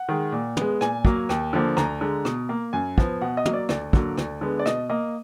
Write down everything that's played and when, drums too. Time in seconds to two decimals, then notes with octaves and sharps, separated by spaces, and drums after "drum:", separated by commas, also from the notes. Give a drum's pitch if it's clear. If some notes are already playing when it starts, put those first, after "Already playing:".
Already playing: F#5
0.09 D#3 G#3
0.32 A#2
0.57 G#3 B3, drum: tom
0.81 A#2 G#5, drum: rim click
1.05 F#3 A#3, drum: kick
1.29 D#2, drum: rim click
1.53 D3 F3 A#3
1.77 D2 A#5, drum: rim click
2.01 D3 G#3
2.25 B2, drum: rim click
2.49 A#3
2.73 F#2 G#5
2.98 F3 B3, drum: kick
3.21 B2 F#5
3.37 D#5
3.46 F#3 A#3, drum: tom
3.53 D5
3.69 D2 D5, drum: rim click
3.93 D3 F#3 A#3, drum: kick
4.18 D2, drum: rim click
4.41 D3 G#3 B3
4.59 D5
4.66 B2 D#5, drum: rim click
4.90 A#3 D#5